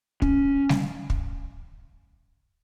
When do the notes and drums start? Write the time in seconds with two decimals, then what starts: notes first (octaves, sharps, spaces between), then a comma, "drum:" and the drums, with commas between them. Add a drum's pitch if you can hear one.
0.22 C#4, drum: kick
0.69 drum: snare
1.10 drum: kick